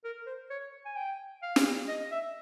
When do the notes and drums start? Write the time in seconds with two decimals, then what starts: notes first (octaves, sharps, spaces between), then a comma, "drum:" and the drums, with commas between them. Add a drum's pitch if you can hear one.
0.05 A#4
0.27 C5
0.50 C#5
0.85 G#5
0.96 G5
1.42 F5
1.56 drum: snare
1.88 D#5
2.11 E5